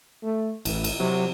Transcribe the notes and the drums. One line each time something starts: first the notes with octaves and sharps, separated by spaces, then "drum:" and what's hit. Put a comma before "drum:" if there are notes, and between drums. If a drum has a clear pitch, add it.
A3
A1 E3, drum: cymbal
drum: cymbal
C3 F#3